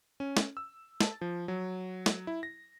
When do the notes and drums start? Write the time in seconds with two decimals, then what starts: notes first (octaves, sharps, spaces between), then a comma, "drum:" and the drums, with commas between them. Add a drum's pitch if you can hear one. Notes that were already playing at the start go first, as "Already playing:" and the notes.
0.20 C#4
0.37 drum: snare
0.57 E6
1.01 A5, drum: snare
1.21 F3
1.48 F#3
2.06 drum: snare
2.27 E4
2.43 A#6